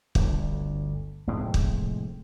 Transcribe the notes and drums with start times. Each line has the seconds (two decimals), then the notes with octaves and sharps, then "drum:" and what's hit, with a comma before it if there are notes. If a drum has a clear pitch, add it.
0.15 G1 D2, drum: kick
1.27 F1 A2 G#3 C4
1.54 drum: kick